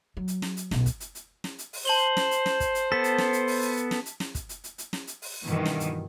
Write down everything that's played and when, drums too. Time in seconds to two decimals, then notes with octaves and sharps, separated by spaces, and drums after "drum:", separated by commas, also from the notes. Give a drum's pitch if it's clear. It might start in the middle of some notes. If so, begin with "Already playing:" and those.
0.17 F#3
0.28 drum: hi-hat
0.42 drum: snare
0.57 drum: hi-hat
0.71 B1 B2, drum: snare
0.86 drum: kick, hi-hat
1.00 drum: hi-hat
1.15 drum: hi-hat
1.44 drum: snare
1.58 drum: hi-hat
1.73 drum: open hi-hat
1.85 C5 A5 F#7 G7
2.17 drum: snare
2.31 drum: hi-hat
2.46 drum: snare
2.60 drum: kick, hi-hat
2.75 drum: hi-hat
2.92 B3 A4 B6
3.04 drum: hi-hat
3.18 drum: snare
3.33 drum: hi-hat
3.47 drum: open hi-hat
3.62 drum: hi-hat
3.77 drum: hi-hat
3.91 drum: snare
4.06 drum: hi-hat
4.20 drum: snare
4.35 drum: kick, hi-hat
4.49 drum: hi-hat
4.64 drum: hi-hat
4.78 drum: hi-hat
4.93 drum: snare
5.07 drum: hi-hat
5.22 drum: open hi-hat
5.46 G2 B2 D#3 E3
5.65 drum: snare
5.80 drum: hi-hat